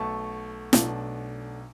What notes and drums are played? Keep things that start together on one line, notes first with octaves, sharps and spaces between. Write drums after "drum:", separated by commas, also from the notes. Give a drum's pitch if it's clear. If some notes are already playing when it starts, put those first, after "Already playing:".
Already playing: B1 B2 A3 A5 C#6
B1 B2 A3 D4, drum: snare